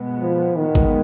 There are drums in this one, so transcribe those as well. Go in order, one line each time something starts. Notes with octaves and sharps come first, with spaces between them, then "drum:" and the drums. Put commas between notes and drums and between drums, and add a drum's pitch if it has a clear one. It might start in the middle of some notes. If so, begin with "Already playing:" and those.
Already playing: B2 G#3 B3
F3
A#2 D#3 G#3 B3
drum: kick G#1